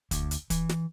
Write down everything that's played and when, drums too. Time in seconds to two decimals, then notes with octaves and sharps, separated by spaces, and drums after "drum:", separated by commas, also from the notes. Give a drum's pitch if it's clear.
0.11 D2, drum: kick, hi-hat
0.31 drum: hi-hat
0.50 E3, drum: kick, hi-hat
0.69 drum: snare